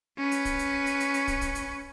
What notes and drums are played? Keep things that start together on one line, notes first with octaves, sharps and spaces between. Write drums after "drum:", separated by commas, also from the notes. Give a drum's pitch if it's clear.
C#4 B4
drum: hi-hat
drum: kick, hi-hat
drum: hi-hat
drum: hi-hat
drum: hi-hat
drum: hi-hat
drum: kick, hi-hat
drum: kick, hi-hat
drum: hi-hat